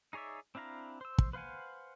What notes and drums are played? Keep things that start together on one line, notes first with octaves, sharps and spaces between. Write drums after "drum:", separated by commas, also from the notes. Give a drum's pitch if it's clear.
D#4 G#4 C#5 D5 E5
C4 D4 E4 F5 A#5
C5 E6
drum: kick
B4 C5 F5 F#5 G#5